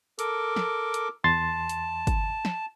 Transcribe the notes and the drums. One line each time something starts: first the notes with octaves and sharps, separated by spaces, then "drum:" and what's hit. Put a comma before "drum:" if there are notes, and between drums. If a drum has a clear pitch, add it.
A4 A#4 D6, drum: hi-hat
drum: snare
drum: hi-hat
E2 A5 C6 A6
drum: hi-hat
drum: kick, hi-hat
drum: snare